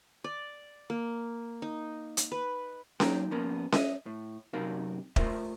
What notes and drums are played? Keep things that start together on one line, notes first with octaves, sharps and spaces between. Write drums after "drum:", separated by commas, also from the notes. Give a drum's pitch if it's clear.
D5
A#3
D#4
drum: hi-hat
B4
F#3 A#3 D#4 G5 A#5, drum: snare C#4
F3 A#3 B3 C#4 A#4
D#5 E5, drum: snare C#4
A2
F#2 C3 D#4 F#4 A#4 F5
A3 F4 A#4 C5 E5, drum: kick